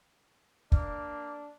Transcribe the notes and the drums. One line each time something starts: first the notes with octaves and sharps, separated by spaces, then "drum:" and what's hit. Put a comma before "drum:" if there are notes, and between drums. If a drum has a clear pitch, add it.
A#3 D4, drum: kick